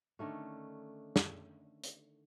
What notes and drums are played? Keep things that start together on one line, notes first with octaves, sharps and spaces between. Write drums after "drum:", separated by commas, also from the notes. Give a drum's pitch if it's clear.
D3 D#3 A3 C#4
drum: snare
drum: hi-hat